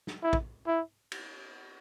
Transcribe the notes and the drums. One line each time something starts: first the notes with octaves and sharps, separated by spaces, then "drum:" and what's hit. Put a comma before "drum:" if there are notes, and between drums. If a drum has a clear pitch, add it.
drum: snare
E4
drum: kick
E4
drum: cymbal